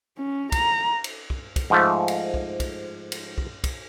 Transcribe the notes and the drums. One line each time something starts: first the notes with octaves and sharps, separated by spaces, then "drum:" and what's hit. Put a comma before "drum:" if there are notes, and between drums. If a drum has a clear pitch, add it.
C#4
A#5, drum: kick, cymbal
drum: cymbal
drum: kick
drum: kick, cymbal
G#2 F3 A3
drum: cymbal
drum: kick
drum: kick, cymbal
drum: cymbal
drum: kick
drum: kick, cymbal